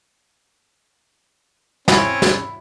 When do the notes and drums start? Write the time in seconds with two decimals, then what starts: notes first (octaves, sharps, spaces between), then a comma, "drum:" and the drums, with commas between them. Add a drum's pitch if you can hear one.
1.88 C4 C#4 E4, drum: snare
2.22 drum: snare